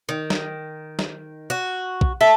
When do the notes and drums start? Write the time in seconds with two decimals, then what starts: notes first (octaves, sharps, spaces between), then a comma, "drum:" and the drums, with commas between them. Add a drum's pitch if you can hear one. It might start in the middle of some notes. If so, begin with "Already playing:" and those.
0.09 D#3
0.30 drum: snare
0.99 drum: snare
1.50 F#4
2.01 drum: kick
2.21 A4 E5